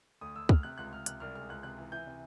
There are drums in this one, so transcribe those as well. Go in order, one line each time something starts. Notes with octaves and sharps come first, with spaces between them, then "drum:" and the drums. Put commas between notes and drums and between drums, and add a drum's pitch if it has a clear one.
D2 D#6
D2 E6
D2 F6, drum: kick
C3 F#6
C#2 F#6
C#2 F6
C3 F#6, drum: hi-hat
C2 F6
G#3 F6
C#2 F#6
C3 F#6
E3
E3 G6
C3